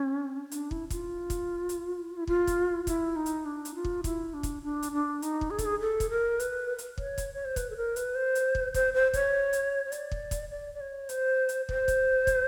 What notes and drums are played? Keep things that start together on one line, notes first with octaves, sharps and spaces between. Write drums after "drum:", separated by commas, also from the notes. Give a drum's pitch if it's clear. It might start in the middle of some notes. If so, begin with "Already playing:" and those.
Already playing: C#4
D4, drum: hi-hat
E4, drum: kick
F4, drum: kick, hi-hat
drum: kick, hi-hat
drum: hi-hat
E4
F4, drum: kick
drum: kick, hi-hat
E4, drum: kick, hi-hat
D#4
drum: hi-hat
D4
drum: hi-hat
F4
drum: kick
E4, drum: kick, hi-hat
D4
drum: kick, hi-hat
D4
drum: hi-hat
D4
D#4, drum: hi-hat
drum: kick
G#4
A4, drum: kick, hi-hat
G#4
A4
drum: kick, hi-hat
A#4
B4, drum: hi-hat
drum: hi-hat
C#5, drum: kick
drum: kick, hi-hat
C#5
C5
B4, drum: kick, hi-hat
A4
A#4
B4, drum: hi-hat
C5
drum: hi-hat
drum: kick
C5, drum: kick, hi-hat
C5
C#5, drum: kick, hi-hat
drum: hi-hat
C#5
D5, drum: hi-hat
drum: kick
drum: kick, hi-hat
D5
D5
C#5
C5, drum: hi-hat
drum: hi-hat
C5, drum: kick
drum: kick, hi-hat
drum: kick, hi-hat